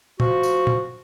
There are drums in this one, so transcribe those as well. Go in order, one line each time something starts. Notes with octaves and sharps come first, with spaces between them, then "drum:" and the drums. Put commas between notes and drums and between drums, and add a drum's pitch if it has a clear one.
F3 F#4, drum: tom
drum: tambourine
drum: tom